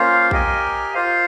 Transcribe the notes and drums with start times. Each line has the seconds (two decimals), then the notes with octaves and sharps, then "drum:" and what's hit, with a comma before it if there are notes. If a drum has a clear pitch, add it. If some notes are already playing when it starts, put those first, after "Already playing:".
Already playing: A#3 C#4 F4 C5 F5
0.31 G4 A#4 D#5 G#5, drum: kick
0.94 F4 C5 F5